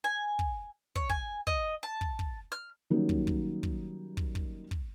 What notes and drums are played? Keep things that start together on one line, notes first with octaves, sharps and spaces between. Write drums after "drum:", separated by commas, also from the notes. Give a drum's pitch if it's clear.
G#5
drum: kick
C#5, drum: kick
G#5, drum: kick
D#5, drum: kick
A5
drum: kick
drum: kick
F6
D#3 F#3 G3 A#3 C#4 D#4
drum: kick
drum: kick
drum: kick
drum: kick
drum: kick
drum: kick